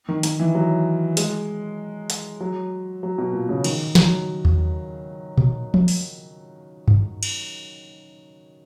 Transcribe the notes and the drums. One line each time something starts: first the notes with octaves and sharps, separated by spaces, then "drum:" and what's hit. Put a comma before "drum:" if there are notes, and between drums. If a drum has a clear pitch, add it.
D#3
D#3, drum: hi-hat
E3
F#3
G#3, drum: hi-hat
drum: hi-hat
F#3
F#3
B2
A#2
C#3
D#3, drum: cymbal
F#3, drum: snare
drum: tom E2
drum: tom A#2
drum: tom F3
drum: open hi-hat
drum: tom G2
drum: cymbal